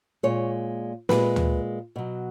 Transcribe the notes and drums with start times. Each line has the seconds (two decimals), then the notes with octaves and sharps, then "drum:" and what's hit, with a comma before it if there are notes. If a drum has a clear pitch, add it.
0.23 A#2 G#3 C#5
1.09 A#2 G#3 B4, drum: snare
1.36 drum: tom D2
1.96 B2 F#3